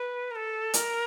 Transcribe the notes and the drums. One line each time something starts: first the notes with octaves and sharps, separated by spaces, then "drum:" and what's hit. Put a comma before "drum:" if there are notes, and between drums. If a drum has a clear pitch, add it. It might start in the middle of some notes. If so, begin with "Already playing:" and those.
Already playing: B4
A#4
A4
A#4, drum: hi-hat